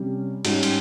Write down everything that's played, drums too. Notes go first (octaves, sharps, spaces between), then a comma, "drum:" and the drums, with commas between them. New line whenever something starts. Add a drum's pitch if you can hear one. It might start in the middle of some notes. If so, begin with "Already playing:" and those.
Already playing: C3 G3 C#4 G4
G#2 G3 C#4, drum: cymbal
drum: cymbal